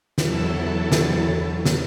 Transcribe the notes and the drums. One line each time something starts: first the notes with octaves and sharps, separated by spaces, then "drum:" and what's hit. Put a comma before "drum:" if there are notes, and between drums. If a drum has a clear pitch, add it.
E2 F#3 E4 A4 A5, drum: snare
drum: snare
drum: snare